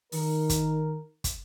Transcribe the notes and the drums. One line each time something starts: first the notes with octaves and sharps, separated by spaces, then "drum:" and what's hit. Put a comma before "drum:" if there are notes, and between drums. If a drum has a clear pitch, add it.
D#3 A#4, drum: open hi-hat
drum: kick, hi-hat
drum: kick, hi-hat